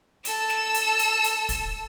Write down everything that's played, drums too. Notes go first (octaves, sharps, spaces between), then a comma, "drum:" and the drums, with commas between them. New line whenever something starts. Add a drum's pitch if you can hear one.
A4 E6, drum: hi-hat
drum: snare
drum: hi-hat
drum: hi-hat
drum: hi-hat
drum: kick, hi-hat